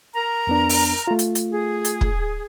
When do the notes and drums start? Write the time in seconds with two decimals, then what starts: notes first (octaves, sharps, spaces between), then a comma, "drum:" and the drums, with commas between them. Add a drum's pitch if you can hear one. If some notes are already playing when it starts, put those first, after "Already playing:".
0.14 A#4 A#5
0.47 F2 B3 D4
0.69 drum: open hi-hat
1.07 A3 F4
1.19 drum: hi-hat
1.35 drum: hi-hat
1.52 G#4
1.85 drum: hi-hat
2.01 drum: kick